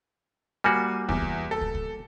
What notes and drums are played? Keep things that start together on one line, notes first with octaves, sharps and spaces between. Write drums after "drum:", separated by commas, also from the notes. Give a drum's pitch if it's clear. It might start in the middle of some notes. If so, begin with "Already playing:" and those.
G3 A#3 F#4 G#5
E2, drum: kick
drum: kick
A4
drum: kick
drum: kick